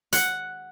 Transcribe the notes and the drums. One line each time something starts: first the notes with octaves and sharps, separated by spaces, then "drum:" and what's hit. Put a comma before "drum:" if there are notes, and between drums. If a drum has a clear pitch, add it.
F#5, drum: hi-hat